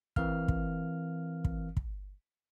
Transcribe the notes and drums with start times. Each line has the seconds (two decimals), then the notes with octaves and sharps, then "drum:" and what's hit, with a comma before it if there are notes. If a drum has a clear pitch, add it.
0.16 E3 C4 A#4 F5 F6, drum: kick
0.48 drum: kick
1.45 drum: kick
1.77 drum: kick